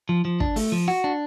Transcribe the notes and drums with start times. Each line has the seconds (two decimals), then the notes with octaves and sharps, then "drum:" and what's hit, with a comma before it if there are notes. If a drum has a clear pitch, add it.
0.09 F3
0.25 F3
0.40 D4, drum: kick
0.56 A3, drum: open hi-hat
0.72 F3
0.88 F#4
1.04 D4